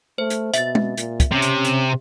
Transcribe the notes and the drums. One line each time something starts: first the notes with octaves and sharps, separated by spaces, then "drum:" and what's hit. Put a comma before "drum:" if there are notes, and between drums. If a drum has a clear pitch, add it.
A3 C5
drum: hi-hat
B2 E5 A6, drum: hi-hat
drum: tom
A#2, drum: hi-hat
drum: kick, hi-hat
C3 C#4
drum: hi-hat
drum: hi-hat